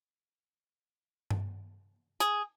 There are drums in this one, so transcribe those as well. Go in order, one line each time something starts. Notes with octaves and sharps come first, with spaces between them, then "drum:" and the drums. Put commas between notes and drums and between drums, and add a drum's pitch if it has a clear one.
drum: tom G2
G#4, drum: hi-hat